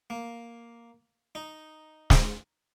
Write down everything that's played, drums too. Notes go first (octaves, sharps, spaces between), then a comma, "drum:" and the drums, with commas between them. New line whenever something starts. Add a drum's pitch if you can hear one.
A#3
D#4
drum: snare